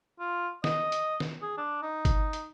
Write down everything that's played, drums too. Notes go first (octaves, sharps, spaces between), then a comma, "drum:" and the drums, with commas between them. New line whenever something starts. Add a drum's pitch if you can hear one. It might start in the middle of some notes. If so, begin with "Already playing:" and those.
F4
D#5, drum: snare
drum: hi-hat
drum: snare
G#4
D4
D#4
drum: kick G1, hi-hat
drum: hi-hat